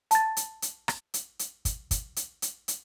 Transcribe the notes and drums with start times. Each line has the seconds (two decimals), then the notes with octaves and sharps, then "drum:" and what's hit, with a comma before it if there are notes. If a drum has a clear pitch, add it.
0.11 A5 A6, drum: hi-hat
0.37 drum: hi-hat
0.62 drum: hi-hat
0.88 drum: rim click
1.14 drum: hi-hat
1.39 drum: hi-hat
1.65 drum: kick, hi-hat
1.91 drum: kick, hi-hat
2.16 drum: hi-hat
2.42 drum: hi-hat
2.68 drum: hi-hat